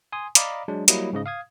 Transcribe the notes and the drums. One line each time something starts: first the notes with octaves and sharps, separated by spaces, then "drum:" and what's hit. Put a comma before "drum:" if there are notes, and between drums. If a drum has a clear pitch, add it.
G#5 C6 D#6
D5 D#5 F5 A#5 B5 D6, drum: hi-hat
F#3 G#3 D4
F#3 G3 A#3 E4 D#5, drum: hi-hat
G#2 C#3 D#5
F5 D#6 G#6